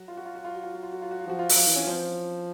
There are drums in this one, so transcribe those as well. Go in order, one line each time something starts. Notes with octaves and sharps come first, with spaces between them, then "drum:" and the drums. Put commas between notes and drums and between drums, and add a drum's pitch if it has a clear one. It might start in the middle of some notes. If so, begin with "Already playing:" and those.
Already playing: F#3 F#4
F4
F#4
F4
F#4
F4
F#4
F4
F#4
F4
F#4
F4
F#4
F4
F3 F#4
F4
F#4, drum: open hi-hat
F3 F4
E3
C#4
F3 C4